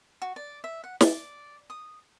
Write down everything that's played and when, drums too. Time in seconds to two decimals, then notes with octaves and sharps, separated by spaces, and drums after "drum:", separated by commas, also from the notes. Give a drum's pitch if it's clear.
0.22 F#4
0.36 D5
0.64 E5
0.84 F#5
1.01 D5, drum: snare
1.70 D#6